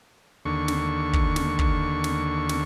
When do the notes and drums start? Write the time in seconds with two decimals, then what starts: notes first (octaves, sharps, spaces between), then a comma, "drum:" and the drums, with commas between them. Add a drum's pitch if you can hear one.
0.45 D#2 D3 C#6
0.68 drum: snare
1.13 drum: kick
1.36 drum: snare
1.59 drum: kick
2.04 drum: snare
2.49 drum: snare